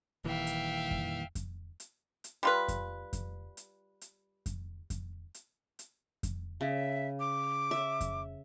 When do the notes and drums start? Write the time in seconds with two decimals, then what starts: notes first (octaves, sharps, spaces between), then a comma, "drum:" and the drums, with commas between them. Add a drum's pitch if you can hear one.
0.24 D#1 D#2 E3 E5 F5 G5
0.47 drum: hi-hat
0.91 drum: kick F2
1.35 drum: kick F2, hi-hat
1.80 drum: hi-hat
2.24 drum: hi-hat
2.43 G3 F4 B4
2.68 drum: kick F2, hi-hat
3.13 drum: kick F2, hi-hat
3.57 drum: hi-hat
4.01 drum: hi-hat
4.46 drum: kick F2, hi-hat
4.90 drum: kick F2, hi-hat
5.34 drum: hi-hat
5.79 drum: hi-hat
6.23 drum: kick F2, hi-hat
6.61 C#3 E5
7.20 D6
7.71 E5
8.01 drum: kick F2, hi-hat